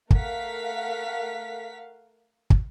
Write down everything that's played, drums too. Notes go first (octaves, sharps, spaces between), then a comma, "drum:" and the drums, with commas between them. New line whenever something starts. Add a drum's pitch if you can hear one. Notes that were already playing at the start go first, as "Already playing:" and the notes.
A3 A#4 F5 F#5 B6, drum: kick
drum: kick